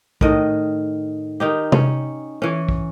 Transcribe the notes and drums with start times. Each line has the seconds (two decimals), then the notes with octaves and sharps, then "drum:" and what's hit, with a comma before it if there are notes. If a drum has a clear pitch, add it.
0.21 A2 D#3 D#5, drum: kick
1.40 D#3 D#4 G4
1.72 C#4, drum: tom C3
2.42 E3 C#4
2.69 drum: kick